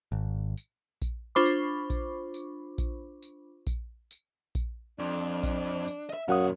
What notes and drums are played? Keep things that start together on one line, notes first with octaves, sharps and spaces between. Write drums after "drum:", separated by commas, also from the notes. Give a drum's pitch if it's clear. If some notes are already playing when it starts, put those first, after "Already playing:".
G#1
drum: tambourine
drum: kick A#1, tambourine
D4 F4 C5 B5 C#6 D6
drum: tambourine
drum: kick A#1, tambourine
drum: tambourine
drum: kick A#1, tambourine
drum: tambourine
drum: kick A#1, tambourine
drum: tambourine
drum: kick A#1, tambourine
F2 D4
drum: kick A#1, tambourine
drum: tambourine
D#5 E5
F#2 A#2 C#5 F5 F#5 D#6